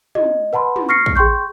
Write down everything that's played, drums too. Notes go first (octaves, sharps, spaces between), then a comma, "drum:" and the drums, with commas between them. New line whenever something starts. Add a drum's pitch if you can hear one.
D#5, drum: tom
B4 F#5 A5 B5 C6
drum: tom
C#6 F6 A#6 C7 C#7
drum: kick
G#4 G5 C6 C#6 G6